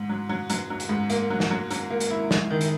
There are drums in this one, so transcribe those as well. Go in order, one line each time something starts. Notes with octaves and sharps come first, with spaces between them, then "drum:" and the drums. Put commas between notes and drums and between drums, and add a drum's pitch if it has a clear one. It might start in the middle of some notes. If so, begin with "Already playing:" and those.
Already playing: G#2
F#3
F#3
F#3, drum: hi-hat
F#3
drum: hi-hat
G#2
A#3, drum: hi-hat
F#3
drum: snare
F#3
F#3, drum: hi-hat
A#3
drum: hi-hat
E4
G#3, drum: snare
D#3
drum: hi-hat